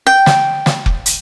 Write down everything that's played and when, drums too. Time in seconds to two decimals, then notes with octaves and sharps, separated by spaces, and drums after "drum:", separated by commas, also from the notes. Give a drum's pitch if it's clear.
0.07 G5
0.26 drum: snare
0.66 drum: snare
0.86 drum: kick F1
1.06 drum: hi-hat